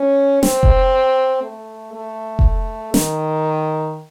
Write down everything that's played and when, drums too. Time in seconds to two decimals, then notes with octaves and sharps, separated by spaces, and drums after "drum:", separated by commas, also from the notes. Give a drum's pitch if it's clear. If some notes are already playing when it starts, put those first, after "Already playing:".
Already playing: C#4
0.43 C4, drum: snare
0.63 drum: kick F1
1.43 A3
1.94 A3
2.39 drum: kick F1
2.94 D#3, drum: snare